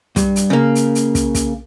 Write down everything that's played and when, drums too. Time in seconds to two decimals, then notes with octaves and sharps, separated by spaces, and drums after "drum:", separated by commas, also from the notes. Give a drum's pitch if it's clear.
0.16 G2, drum: kick, hi-hat
0.36 drum: hi-hat
0.50 C#3 A#3
0.75 drum: hi-hat
0.95 drum: hi-hat
1.15 drum: kick, hi-hat
1.35 drum: kick, hi-hat